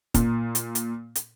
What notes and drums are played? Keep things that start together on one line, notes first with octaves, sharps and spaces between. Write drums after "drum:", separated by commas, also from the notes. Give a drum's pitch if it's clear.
A#2, drum: kick, hi-hat
drum: hi-hat
drum: hi-hat
drum: hi-hat